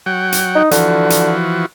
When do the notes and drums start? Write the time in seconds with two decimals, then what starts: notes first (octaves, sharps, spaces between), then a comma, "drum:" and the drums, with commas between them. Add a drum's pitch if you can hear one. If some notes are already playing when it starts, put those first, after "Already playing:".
0.06 F#3 F#5 G5
0.32 drum: hi-hat
0.55 D#4
0.71 D3 E3 F3 F#4, drum: hi-hat
1.10 drum: hi-hat